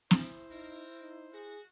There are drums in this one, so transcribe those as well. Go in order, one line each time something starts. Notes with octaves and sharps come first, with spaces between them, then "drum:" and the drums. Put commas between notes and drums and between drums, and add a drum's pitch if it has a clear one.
E4 C5, drum: snare
C4 D#4 A#4
D#4
F#4 G#4